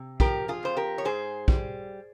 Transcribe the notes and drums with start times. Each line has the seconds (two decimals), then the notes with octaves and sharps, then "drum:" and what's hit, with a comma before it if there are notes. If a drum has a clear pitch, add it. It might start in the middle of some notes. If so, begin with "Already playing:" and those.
Already playing: C3
0.20 F3 G4 A#4, drum: kick
0.48 F4 G#4
0.63 F2 C5
0.77 G4 A#4
0.98 C#5
1.05 G#2 G#4 C5
1.48 G3, drum: kick